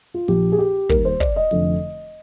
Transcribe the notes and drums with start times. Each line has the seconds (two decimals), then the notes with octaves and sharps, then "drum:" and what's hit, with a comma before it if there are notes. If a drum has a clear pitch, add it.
0.14 F4
0.28 A#1 A#2 F3 G4, drum: hi-hat
0.52 G#4
0.59 G4
0.89 D#2 D#3 G3 A#4, drum: kick
1.05 C5
1.20 D5, drum: kick, open hi-hat
1.36 D#5
1.51 F1 F2 D3 F3, drum: hi-hat